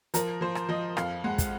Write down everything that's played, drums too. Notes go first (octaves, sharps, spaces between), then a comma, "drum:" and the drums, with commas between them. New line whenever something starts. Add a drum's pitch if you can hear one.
F3 A#4, drum: hi-hat
F3 C5
drum: rim click
F3 D#5
F2 F5, drum: rim click
G#3 F#5
drum: kick, hi-hat